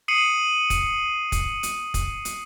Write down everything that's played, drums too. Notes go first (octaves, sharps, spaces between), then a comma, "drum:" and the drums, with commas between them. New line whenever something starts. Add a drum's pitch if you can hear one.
D#6 C7 C#7 D#7 F#7
drum: kick, hi-hat
drum: kick, hi-hat
drum: hi-hat
drum: kick, hi-hat
drum: hi-hat